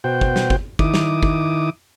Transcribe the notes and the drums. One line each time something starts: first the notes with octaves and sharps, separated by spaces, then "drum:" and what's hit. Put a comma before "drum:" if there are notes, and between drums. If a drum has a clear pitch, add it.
B2 F#4 C5 G5
drum: kick
drum: snare
drum: kick
D#3 E4 D6 D#6, drum: kick
drum: snare
drum: kick